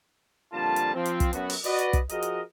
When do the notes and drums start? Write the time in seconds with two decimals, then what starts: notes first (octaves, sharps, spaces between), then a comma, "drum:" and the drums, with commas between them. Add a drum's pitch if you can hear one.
0.52 F2 A#2 D3 G3 F4 A5
0.76 drum: hi-hat
0.94 F3 C4
1.06 drum: hi-hat
1.20 drum: kick, hi-hat
1.33 F#2 B3 F#4, drum: hi-hat
1.50 drum: open hi-hat
1.64 F#4 B4 D5 D#5, drum: hi-hat
1.79 drum: hi-hat
1.93 drum: kick, hi-hat
2.10 F3 F#4 G#4 A#4 D#5, drum: hi-hat
2.23 drum: hi-hat